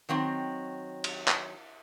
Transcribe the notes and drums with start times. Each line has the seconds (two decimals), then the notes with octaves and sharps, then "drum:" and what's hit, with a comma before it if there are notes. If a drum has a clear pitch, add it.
0.09 D#3 F#3 C4
1.04 drum: cymbal
1.28 drum: clap